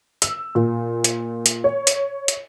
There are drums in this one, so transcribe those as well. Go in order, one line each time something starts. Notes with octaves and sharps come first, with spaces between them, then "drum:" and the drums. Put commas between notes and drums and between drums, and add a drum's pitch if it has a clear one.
E6, drum: hi-hat
A#2
drum: hi-hat
drum: hi-hat
C#5
drum: hi-hat
drum: hi-hat